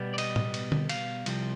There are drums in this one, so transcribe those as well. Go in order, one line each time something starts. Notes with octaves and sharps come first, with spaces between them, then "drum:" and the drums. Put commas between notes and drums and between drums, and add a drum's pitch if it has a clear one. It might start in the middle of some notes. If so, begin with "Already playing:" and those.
Already playing: B2 G3 B3
D5
D#5, drum: cymbal
drum: tom
drum: cymbal
drum: tom D3
F5, drum: cymbal
C2 C3 F3 C4, drum: cymbal